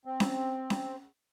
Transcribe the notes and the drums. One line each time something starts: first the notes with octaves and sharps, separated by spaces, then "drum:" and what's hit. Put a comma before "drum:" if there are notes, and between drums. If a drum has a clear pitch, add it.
C4
drum: snare C#4
drum: snare C#4